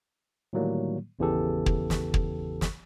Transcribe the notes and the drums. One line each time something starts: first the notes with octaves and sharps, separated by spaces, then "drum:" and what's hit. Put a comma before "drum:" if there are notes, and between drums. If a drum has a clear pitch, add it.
A2 D3 D#3 F#3 G3 A#3
G#1 E2 C#3 E3 G4 A4
drum: kick
drum: snare
drum: kick
drum: snare